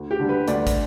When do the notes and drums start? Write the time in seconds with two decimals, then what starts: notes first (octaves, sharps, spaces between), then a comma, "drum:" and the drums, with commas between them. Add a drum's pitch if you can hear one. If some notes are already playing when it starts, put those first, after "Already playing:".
Already playing: D2
0.11 G4
0.19 D3 G3
0.29 B4
0.48 D2 D5, drum: hi-hat
0.67 drum: kick, hi-hat